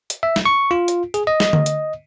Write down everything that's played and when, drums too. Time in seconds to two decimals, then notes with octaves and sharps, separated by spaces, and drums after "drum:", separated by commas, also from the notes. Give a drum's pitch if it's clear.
0.10 drum: hi-hat
0.23 E5
0.36 drum: snare
0.46 C#6
0.71 F4
0.88 drum: hi-hat
1.14 G#4, drum: hi-hat
1.27 D#5
1.40 drum: snare
1.53 drum: tom D3
1.66 drum: hi-hat